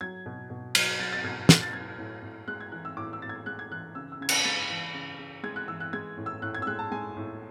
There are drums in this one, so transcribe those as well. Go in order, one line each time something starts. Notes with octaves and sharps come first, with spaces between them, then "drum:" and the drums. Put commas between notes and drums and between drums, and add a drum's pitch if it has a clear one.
F#3 G#6
B2
B2
F#3, drum: cymbal
F#3 A6
A6
B2 G#6
B2 F#6, drum: snare
A6
F#3 G#6
A2
A2
G#3 F#6
G#6
E3 F#6
E6
A2 D6
E6
A2 A6
G#6
G#3 F#6
G#6
E3 F#6
C#3 E6
E6
C#3 G#6
F#6, drum: cymbal
G#3 A6
E3
C#3
C#3
G#3 G#6
F#6
E3 E6
F#6
G#3 G#6
A2
E6
A2 F#6
G#6
E6
G#3 F#6
A5
G#3 G#5
A2